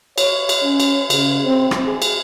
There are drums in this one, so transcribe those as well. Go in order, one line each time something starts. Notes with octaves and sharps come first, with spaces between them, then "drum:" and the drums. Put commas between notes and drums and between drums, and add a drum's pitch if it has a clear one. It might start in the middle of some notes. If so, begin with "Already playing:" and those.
C#5, drum: cymbal
drum: cymbal
C#4
drum: cymbal
C#3, drum: cymbal
C4
drum: rim click
G#4
drum: cymbal